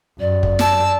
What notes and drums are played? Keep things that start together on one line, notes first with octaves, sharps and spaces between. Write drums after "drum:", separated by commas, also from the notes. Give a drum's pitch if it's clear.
F#2 D5
drum: kick
A5 E6, drum: snare